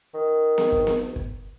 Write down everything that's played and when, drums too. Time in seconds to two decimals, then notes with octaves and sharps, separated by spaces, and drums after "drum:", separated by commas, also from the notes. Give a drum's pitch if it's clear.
0.14 D#3
0.58 drum: snare B3
0.72 drum: kick
0.87 drum: snare B3
1.16 drum: kick